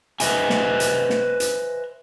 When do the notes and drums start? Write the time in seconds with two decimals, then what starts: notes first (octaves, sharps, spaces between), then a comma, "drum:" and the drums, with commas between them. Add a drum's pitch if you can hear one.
0.20 B4 C5 D#5 E5 G#5, drum: hi-hat
0.50 drum: snare
0.80 drum: hi-hat
1.10 drum: snare
1.40 drum: hi-hat